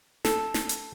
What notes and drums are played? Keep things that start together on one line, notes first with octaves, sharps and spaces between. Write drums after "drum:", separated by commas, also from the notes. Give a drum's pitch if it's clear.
A4, drum: snare
drum: snare
drum: hi-hat